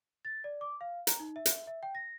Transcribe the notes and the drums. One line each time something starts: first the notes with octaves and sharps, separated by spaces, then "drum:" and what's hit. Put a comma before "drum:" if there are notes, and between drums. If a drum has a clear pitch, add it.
A6
D5
D6
F5
A#5, drum: hi-hat
D#4
E5
drum: hi-hat
E5
G5
A#6